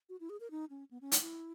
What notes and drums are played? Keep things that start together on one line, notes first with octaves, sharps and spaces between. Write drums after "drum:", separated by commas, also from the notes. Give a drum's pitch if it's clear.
F#4
E4
G#4
A#4
D#4
C#4
B3
C#4
D#4, drum: hi-hat
E4